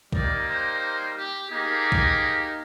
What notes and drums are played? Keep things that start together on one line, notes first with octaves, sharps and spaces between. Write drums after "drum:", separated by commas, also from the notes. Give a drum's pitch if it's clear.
G3 A#3 D#4 D5, drum: kick B1
C5
G4
A#3 D#4 G4 G#4
drum: kick B1